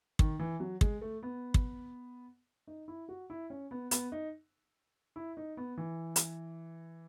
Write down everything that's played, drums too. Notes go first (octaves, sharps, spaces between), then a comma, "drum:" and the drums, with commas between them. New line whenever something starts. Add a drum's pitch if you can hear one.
D#3, drum: kick
E3
F#3
G#3, drum: kick
A3
B3
drum: kick
D#4
E4
F#4
E4
C#4
B3
B3, drum: hi-hat
D#4
E4
D#4
B3
E3
drum: hi-hat